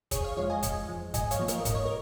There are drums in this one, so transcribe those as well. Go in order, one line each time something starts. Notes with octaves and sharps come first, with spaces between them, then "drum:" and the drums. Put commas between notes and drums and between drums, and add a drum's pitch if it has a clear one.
F2 G#4 C#5, drum: kick F1, hi-hat
C#5 F5
F3 G#3 C#5 F5
D#5 G#5
F2, drum: kick F1, hi-hat
F3 G#3
G#2 D#5 G#5, drum: kick F1, hi-hat
C#5 F5, drum: hi-hat
F3 A#3
A#4 D#5, drum: hi-hat
G#2 D#5, drum: kick F1, hi-hat
C#5
A#4